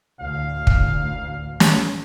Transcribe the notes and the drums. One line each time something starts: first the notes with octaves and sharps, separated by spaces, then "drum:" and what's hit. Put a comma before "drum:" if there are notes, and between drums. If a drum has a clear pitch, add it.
A1 D2 F5
drum: kick
drum: snare